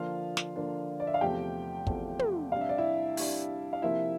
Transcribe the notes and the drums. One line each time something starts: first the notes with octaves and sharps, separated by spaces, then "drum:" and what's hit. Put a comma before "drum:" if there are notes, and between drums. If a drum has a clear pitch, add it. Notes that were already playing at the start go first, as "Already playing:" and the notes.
Already playing: D3 F3 A#3 D4 F4 F5
drum: snare
D3 F3 A#3 D4
D5
E5
F5
E2 C3 F3 A3 G4 G5
E2 C3 F3 A3, drum: kick
drum: tom
C3 G3 D4 F5
E5
D5
E4 E5
C3 G3 D4, drum: open hi-hat
F5
C3 F3 A#3 E4 E5